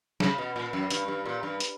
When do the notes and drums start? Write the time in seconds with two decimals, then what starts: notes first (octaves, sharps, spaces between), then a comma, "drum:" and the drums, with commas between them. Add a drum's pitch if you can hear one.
0.20 C#3, drum: snare
0.38 B2
0.56 A#2
0.73 F#2
0.90 G2, drum: hi-hat
1.08 G2
1.25 A#2
1.43 G2
1.60 drum: hi-hat